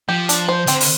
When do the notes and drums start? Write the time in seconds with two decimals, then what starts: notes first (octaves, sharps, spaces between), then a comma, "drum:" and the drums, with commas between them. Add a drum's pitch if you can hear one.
0.09 F3 G4
0.29 D4, drum: hi-hat
0.48 C5
0.67 D3 C4, drum: hi-hat
0.81 drum: open hi-hat